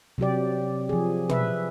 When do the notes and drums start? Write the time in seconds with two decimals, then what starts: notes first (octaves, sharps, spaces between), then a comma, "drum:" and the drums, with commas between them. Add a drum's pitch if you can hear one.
0.18 C3 F#3 G4 D5
0.89 F3 G#4
1.29 B4 E5, drum: tom